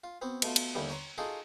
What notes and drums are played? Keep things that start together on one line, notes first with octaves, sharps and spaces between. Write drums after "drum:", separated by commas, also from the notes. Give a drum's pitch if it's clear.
F4
B3 C4 F#4
B2 A3 F4, drum: cymbal
drum: cymbal
D#2 D3 E3 G3
C#5 A#5 C6
D#4 F4 F#4 G#4 A4